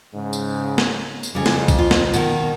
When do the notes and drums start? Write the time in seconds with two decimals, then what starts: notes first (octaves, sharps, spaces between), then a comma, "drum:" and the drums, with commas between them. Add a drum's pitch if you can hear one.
0.15 G#2 C#3
0.33 drum: tambourine
0.78 drum: snare
1.23 drum: tambourine
1.35 F2 C#3 G3
1.46 drum: snare
1.68 drum: kick B1, tambourine
1.79 F4
1.91 drum: snare
2.13 B2 D#3, drum: tambourine